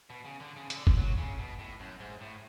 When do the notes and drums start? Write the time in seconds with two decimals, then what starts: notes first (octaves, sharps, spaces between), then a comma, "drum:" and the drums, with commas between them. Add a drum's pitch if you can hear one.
0.10 B2
0.25 C#3
0.40 D3
0.56 C#3
0.70 C#3, drum: hi-hat
0.76 D3
0.87 drum: kick G1
0.97 F#3
1.18 C#3
1.39 B2
1.59 A2
1.80 F#2
2.00 G#2
2.21 A2